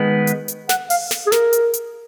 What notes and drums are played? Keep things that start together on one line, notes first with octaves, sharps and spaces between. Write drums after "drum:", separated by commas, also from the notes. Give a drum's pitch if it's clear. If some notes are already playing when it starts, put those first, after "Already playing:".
Already playing: D#3 G#3 B3
drum: hi-hat
drum: hi-hat
F#5, drum: snare
F5, drum: open hi-hat
drum: snare
G#4
A#4, drum: snare
drum: hi-hat
drum: hi-hat